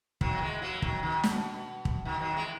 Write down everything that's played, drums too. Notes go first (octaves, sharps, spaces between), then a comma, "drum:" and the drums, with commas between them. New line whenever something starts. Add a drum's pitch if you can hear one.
D#3 F#3, drum: kick
A#3
E3 G#3
F#3 A#3
D#3 F#3, drum: kick
B2 D#3
B2, drum: snare
drum: kick
B2 D#3
D#3 F#3
E3 G#3